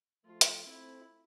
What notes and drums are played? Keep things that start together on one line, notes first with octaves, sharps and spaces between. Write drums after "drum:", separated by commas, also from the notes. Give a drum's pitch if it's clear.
F3 A3 F4
drum: hi-hat
A3 C4 E4